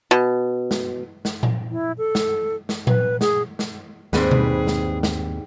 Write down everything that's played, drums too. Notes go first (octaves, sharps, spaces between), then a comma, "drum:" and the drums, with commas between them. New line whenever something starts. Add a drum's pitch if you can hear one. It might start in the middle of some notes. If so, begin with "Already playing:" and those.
B2
drum: snare
drum: snare
drum: tom A#2
E4
A4
drum: snare
drum: snare
B4, drum: tom A#2
G#4, drum: snare
drum: snare
D#2 G#2 G3 C4 G#4 B4, drum: snare
drum: tom B2
drum: snare
drum: snare